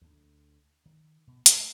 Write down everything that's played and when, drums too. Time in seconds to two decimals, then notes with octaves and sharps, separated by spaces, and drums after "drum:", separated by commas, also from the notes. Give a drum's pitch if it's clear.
0.02 D2
0.86 D#3
1.27 B2
1.46 A3, drum: hi-hat